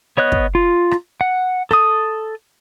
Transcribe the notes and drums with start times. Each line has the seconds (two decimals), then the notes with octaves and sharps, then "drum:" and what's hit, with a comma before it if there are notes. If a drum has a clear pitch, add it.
0.17 B3 C#5 D#5 F#6
0.32 drum: kick
0.55 F4
0.91 drum: rim click
1.21 F#5
1.71 A4 D#6, drum: rim click